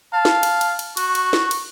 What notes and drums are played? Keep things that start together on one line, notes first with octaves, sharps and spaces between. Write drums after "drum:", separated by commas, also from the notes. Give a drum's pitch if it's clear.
F5 A5
drum: snare
drum: cymbal
drum: cymbal
drum: cymbal
F#4 C#6, drum: cymbal
drum: cymbal
drum: snare
drum: cymbal